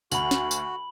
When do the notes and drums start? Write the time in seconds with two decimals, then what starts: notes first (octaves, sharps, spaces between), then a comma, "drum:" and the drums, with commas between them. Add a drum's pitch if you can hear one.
0.12 D2 F#4 B5 F#7, drum: tambourine
0.31 drum: snare
0.51 drum: tambourine